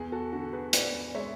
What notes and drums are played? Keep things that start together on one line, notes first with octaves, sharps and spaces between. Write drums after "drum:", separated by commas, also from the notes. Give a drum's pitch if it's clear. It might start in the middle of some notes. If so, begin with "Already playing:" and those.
Already playing: E2 G#4
F#4 A4
D3 F#4 A4
G#4 B4
E2 B4 D5, drum: hi-hat
D5
G#3 C#5 E5